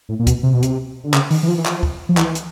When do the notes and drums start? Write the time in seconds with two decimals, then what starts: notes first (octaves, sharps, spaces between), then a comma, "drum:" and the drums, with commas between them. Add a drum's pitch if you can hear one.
0.09 A2
0.19 A#2
0.27 B2, drum: kick, hi-hat
0.43 C3
0.53 B2
0.63 C3, drum: hi-hat
1.04 D3
1.14 C#3, drum: clap
1.31 D#3, drum: open hi-hat
1.43 E3
1.48 F3
1.58 E3
1.66 F3, drum: clap
1.83 drum: kick
2.09 F3
2.17 E3, drum: clap
2.35 drum: hi-hat